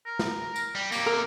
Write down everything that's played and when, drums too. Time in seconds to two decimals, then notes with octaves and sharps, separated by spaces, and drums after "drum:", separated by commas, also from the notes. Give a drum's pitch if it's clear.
0.06 A#4
0.19 drum: snare
0.56 drum: tambourine
0.75 G3
0.92 C3 A#3 D6, drum: tambourine
1.06 A#4